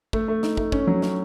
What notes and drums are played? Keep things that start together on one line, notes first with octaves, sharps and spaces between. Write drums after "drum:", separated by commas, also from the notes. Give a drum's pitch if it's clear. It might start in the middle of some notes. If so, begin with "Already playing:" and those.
A3, drum: kick
A3
D#4, drum: snare
A3, drum: kick
C#4, drum: kick
F#3
C#4, drum: snare